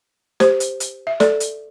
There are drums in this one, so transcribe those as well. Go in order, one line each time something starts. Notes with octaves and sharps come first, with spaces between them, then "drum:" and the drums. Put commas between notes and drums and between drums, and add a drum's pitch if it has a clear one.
G4 C5, drum: snare
drum: hi-hat
drum: hi-hat
E5
A4 D5, drum: snare
drum: hi-hat